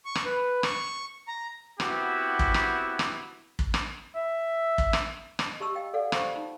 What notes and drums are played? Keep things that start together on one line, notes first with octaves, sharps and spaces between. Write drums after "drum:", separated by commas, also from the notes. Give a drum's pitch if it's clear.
C#6
drum: rim click
B4
C#6, drum: rim click
A#5
B3 C4 E4 F#4 G4, drum: rim click
drum: kick
drum: rim click
drum: rim click
drum: kick
drum: rim click
E5
drum: kick
drum: rim click
D#5 A5, drum: rim click
G4 D#5 A5 C#6 E6
D#5 F5 G5
A4 D5 F5 F#5
F4 C5 G5 C#6, drum: rim click
D#4